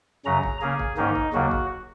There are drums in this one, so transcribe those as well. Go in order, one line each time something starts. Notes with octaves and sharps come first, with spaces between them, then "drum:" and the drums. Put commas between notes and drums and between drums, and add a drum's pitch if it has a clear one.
F#2 C#3 F#3 C#4 A#5
drum: kick
C#3 A#3 C#4 G#4
drum: kick
G#2 D#3 A#3 C#4 D#4
drum: kick
D#2 C#3 F#3 A#3 F#4
drum: kick